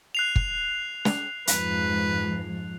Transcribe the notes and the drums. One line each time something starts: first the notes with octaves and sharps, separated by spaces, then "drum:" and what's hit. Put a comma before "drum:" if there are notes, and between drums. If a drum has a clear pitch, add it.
F#6 C7 F7
drum: kick
drum: snare
F2 G#2 F3 B4, drum: hi-hat